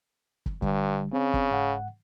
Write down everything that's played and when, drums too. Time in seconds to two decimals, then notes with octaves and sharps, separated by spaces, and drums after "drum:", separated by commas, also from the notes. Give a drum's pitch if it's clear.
0.46 drum: kick
0.62 G2 D3 G3, drum: kick
1.13 C#3 C4
1.34 drum: kick
1.51 G#2 F#5